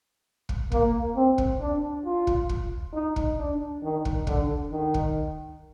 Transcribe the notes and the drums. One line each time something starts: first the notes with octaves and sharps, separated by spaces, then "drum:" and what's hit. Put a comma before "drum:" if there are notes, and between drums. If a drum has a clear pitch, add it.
drum: kick
A#3, drum: kick
C4
drum: kick
D4
F4
drum: kick
drum: kick
D#4
drum: kick
D4
D#3
drum: kick
D3, drum: kick
D#3
drum: kick